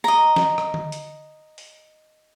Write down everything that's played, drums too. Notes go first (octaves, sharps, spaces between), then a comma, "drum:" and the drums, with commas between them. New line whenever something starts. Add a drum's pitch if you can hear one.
D#5 A#5, drum: tambourine
drum: snare
drum: rim click
drum: tom D3
drum: hi-hat
drum: open hi-hat